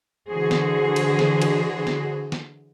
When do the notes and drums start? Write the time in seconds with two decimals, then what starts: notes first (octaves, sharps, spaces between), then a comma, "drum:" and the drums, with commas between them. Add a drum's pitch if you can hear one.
0.28 D3 E3 F#4 G#4 C5
0.51 drum: snare
0.96 drum: cymbal
1.19 drum: snare
1.42 drum: cymbal
1.87 drum: snare
2.32 drum: snare